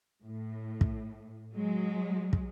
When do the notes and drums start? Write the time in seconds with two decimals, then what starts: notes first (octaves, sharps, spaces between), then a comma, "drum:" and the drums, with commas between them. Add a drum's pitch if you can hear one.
0.24 A2
0.81 drum: kick
1.53 F#3 G#3
2.33 drum: kick